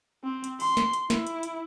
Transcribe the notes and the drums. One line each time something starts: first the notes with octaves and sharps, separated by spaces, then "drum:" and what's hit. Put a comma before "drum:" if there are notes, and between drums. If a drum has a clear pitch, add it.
C4
drum: hi-hat
C6, drum: open hi-hat
drum: snare
drum: hi-hat
E4, drum: snare
drum: hi-hat
drum: hi-hat